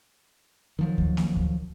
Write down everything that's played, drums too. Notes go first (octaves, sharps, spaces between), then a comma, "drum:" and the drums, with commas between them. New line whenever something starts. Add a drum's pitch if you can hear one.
D#3 F3 F#3
drum: kick D2
drum: snare A#3
drum: kick D2